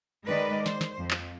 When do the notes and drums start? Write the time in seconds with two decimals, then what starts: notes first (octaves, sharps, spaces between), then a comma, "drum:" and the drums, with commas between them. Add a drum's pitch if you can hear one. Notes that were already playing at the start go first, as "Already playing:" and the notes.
0.24 D#3 G#3 B4 D5 D#5
0.66 C5, drum: snare
0.81 drum: snare
0.98 F2
1.11 drum: clap